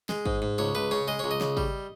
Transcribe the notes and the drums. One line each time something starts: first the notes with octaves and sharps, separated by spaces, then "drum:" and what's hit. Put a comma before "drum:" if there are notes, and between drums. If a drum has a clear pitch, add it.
G#3, drum: snare
G#2, drum: kick
G#2
C#2 C#5
C#2 B4
C#3 C#5
G#3 D#5
C#2 C#5
D#5
C#2, drum: snare
G3, drum: kick